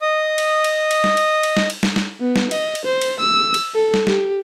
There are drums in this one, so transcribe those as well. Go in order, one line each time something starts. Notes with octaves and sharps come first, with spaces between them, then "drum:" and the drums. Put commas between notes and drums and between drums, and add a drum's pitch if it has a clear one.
D#5 D#6
drum: cymbal
drum: cymbal
drum: cymbal
drum: snare
drum: cymbal
drum: cymbal
drum: snare
drum: cymbal
drum: snare
drum: snare
B3
drum: snare
D#5, drum: cymbal
drum: cymbal
C5
drum: cymbal
E6
drum: cymbal
A4
drum: snare
G4, drum: snare